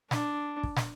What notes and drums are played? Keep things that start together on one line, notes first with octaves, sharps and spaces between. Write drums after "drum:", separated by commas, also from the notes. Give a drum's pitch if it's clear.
D4, drum: snare
drum: kick
drum: snare